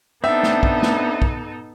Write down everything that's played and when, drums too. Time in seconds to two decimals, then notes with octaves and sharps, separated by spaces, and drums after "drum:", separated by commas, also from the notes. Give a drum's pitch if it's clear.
0.24 B3 C4 D4 D#4 A4 E5
0.43 drum: snare
0.63 drum: kick
0.82 drum: snare
1.22 drum: kick